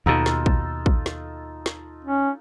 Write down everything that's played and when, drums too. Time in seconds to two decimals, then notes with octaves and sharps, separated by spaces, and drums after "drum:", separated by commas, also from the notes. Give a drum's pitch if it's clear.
0.06 D#2 B2 D#4 F4 A4
0.26 drum: snare
0.46 drum: kick
0.86 drum: kick
1.06 drum: snare
1.66 drum: snare
2.05 C#4